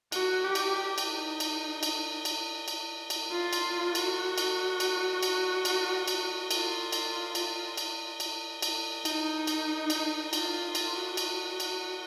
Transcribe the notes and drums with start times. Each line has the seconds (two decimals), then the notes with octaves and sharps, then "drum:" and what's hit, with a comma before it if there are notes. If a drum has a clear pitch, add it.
0.12 F#4, drum: cymbal
0.45 G4
0.55 drum: cymbal
0.98 drum: cymbal
1.09 D#4
1.40 drum: cymbal
1.83 drum: cymbal
2.25 drum: cymbal
2.68 drum: cymbal
3.10 drum: cymbal
3.31 F4
3.53 drum: cymbal
3.95 F#4, drum: cymbal
4.38 drum: cymbal
4.80 drum: cymbal
5.23 drum: cymbal
5.65 drum: cymbal
6.08 drum: cymbal
6.51 F4, drum: cymbal
6.93 drum: cymbal
7.35 drum: cymbal
7.77 drum: cymbal
8.20 drum: cymbal
8.62 drum: cymbal
9.05 D#4, drum: cymbal
9.47 drum: cymbal
9.90 drum: cymbal
10.33 F4, drum: cymbal
10.75 drum: cymbal
10.96 F#4
11.17 drum: cymbal
11.60 drum: cymbal